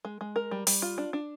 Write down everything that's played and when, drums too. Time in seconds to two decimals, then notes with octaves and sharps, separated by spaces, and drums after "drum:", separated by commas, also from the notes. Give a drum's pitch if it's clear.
0.05 G#3
0.21 G#3
0.36 A#4
0.51 G3
0.67 G3, drum: open hi-hat
0.82 F4
0.98 D4
1.13 D4